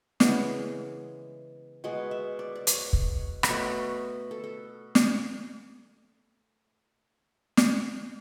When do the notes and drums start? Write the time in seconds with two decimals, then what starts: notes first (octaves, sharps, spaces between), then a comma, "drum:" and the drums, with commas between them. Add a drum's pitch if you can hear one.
0.20 C#3 E3 G#3 B3 G#5, drum: snare
1.84 B2 G#3 B3 G#5
2.11 E5
2.39 D5
2.55 D5
2.67 C#5, drum: hi-hat
2.93 drum: kick
3.43 B4, drum: rim click
3.48 B2 A3 C#5
4.31 A4
4.44 A4
4.95 drum: snare
7.57 drum: snare